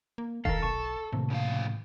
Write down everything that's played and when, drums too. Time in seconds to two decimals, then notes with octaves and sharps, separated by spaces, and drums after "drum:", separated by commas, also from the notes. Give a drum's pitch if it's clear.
0.18 A#3
0.45 D#3 A4 A#4 F5, drum: kick E1
0.62 B1 A5 C#6
1.12 A2 C3 D#3 A#3
1.30 C#3 F3 F5